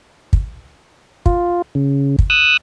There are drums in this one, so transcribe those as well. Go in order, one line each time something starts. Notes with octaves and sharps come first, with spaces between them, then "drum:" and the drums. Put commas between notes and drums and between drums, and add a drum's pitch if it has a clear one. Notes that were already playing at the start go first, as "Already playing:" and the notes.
drum: kick
F4, drum: kick
C#3
drum: kick
D#6 E6 F#6